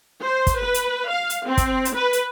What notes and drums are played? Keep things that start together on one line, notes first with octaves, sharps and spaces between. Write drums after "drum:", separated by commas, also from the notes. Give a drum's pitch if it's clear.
C5
drum: kick, hi-hat
B4
drum: hi-hat
F5
drum: hi-hat
C4
drum: kick, hi-hat
drum: hi-hat
B4
drum: hi-hat